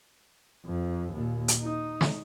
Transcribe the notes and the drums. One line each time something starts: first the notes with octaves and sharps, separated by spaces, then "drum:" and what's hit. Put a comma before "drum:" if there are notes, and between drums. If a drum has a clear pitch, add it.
F2
D#2 A#2
drum: hi-hat
D#4
drum: snare